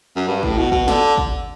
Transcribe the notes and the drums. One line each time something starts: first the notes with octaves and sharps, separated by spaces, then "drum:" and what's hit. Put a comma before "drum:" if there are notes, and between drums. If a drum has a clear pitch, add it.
F#2
G2
A2, drum: kick
B2
B2, drum: kick
D3, drum: snare
drum: kick